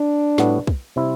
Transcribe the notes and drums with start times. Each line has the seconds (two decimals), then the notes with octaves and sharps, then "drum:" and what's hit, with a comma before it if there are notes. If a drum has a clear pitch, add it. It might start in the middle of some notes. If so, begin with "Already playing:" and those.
Already playing: D4
0.38 A2 G3 B3 F#4, drum: snare
0.67 drum: kick
0.96 C3 G3 C4 E4